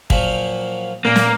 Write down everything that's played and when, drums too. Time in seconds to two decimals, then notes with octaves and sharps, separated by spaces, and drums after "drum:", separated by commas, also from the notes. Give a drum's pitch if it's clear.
0.10 A#2 F3 F#3, drum: kick
1.05 A#2 A#3
1.16 drum: snare